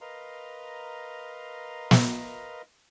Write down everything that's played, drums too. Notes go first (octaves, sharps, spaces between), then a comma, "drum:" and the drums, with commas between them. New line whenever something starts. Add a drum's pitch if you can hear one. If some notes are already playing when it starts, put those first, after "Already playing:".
A#4 B4 D#5 F5 A#5 C6
drum: snare